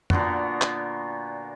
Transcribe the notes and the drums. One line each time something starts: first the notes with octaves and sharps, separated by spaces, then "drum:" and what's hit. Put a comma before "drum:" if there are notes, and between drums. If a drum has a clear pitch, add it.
A#2 D3 B3 F#4, drum: tom
drum: clap